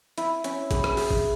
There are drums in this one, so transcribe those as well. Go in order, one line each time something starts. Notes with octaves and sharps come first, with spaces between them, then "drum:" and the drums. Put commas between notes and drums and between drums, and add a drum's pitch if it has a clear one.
E4, drum: hi-hat
C#4, drum: hi-hat
G#4, drum: kick A1, hi-hat
drum: rim click
G#4, drum: open hi-hat
drum: kick A1